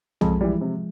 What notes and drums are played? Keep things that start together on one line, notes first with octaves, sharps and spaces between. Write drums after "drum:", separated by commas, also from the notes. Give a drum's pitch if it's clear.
F2 F3 G#3, drum: tom B1
E3 G3
C3